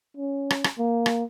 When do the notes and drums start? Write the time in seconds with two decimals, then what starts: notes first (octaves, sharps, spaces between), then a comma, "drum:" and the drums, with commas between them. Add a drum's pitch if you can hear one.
0.17 C#4
0.50 drum: rim click
0.64 drum: rim click
0.78 A#3
1.06 drum: rim click